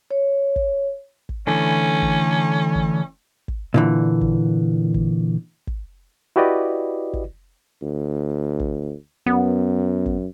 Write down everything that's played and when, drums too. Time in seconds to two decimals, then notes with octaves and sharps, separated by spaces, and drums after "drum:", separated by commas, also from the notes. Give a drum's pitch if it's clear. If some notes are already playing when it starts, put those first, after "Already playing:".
0.11 C#5
0.56 drum: kick
1.29 drum: kick
1.47 D3 E3 A3 C#4
2.02 drum: kick
2.75 drum: kick
3.48 drum: kick
3.74 A#2 D3 E3
4.21 drum: kick
4.94 drum: kick
5.67 drum: kick
6.36 E4 F#4 G4 B4 D5 D#5
7.13 drum: kick
7.82 D2
8.60 drum: kick
9.26 F#2 B3
10.06 drum: kick